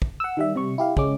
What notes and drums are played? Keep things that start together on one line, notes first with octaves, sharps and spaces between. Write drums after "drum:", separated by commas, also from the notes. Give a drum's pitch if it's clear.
drum: kick
F#5 E6
D#3 G3 E5
C3 G3 C#6
E4 G4 F5
C#2 G#3 C#4 D6, drum: kick